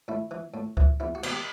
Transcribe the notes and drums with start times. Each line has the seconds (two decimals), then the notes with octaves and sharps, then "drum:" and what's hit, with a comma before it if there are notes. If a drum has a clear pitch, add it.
0.08 A2 E4
0.31 E3
0.54 A2
0.77 E3, drum: kick C#2
1.00 E2 E4
1.15 F#4
1.23 B2, drum: cymbal
1.31 G4